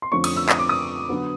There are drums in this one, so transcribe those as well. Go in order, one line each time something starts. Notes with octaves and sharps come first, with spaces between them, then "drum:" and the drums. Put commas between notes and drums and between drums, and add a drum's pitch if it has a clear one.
C6
F2 D3 F3 A3 C#4 C#6
D#6, drum: cymbal
E6
D#6, drum: clap
D6
D#6
D3 F#3 B3